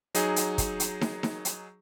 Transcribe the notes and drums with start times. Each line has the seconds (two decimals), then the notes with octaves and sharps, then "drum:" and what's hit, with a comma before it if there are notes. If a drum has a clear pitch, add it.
0.15 F#3 D#4 G#4, drum: hi-hat
0.36 drum: hi-hat
0.58 drum: kick, hi-hat
0.80 drum: hi-hat
1.01 drum: snare
1.23 drum: snare
1.45 drum: hi-hat